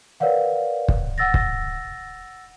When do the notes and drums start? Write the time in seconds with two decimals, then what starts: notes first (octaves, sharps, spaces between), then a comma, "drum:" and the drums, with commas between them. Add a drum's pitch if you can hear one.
0.20 A#4 B4 C#5 D5 F5 F#5
0.88 drum: kick
1.18 F#5 E6 A6 A#6
1.34 drum: kick